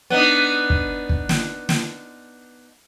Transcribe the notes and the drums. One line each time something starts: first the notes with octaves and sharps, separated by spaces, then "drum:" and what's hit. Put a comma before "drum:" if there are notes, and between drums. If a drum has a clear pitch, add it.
B3 D4 D#4
drum: kick
drum: kick
drum: snare
drum: snare